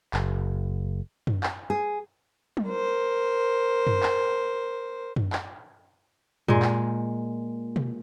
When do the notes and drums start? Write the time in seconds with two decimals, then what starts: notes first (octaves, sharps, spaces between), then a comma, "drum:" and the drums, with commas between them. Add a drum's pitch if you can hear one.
0.14 F#1, drum: clap
1.27 drum: tom F#2
1.43 drum: clap
1.70 G#4
2.57 drum: tom F#3
2.68 A#4 C5
3.87 drum: tom F#2
4.03 drum: clap
5.16 drum: tom F#2
5.33 drum: clap
6.48 A#2 G#3, drum: tom F#2
6.62 drum: clap
7.76 drum: tom B2